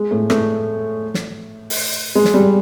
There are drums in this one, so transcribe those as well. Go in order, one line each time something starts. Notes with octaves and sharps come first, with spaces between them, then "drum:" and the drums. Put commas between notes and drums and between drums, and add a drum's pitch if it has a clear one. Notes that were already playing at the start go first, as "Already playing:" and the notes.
Already playing: G#3
A2 A3
A2 A3, drum: rim click
drum: snare
drum: open hi-hat
G#3
drum: snare
G3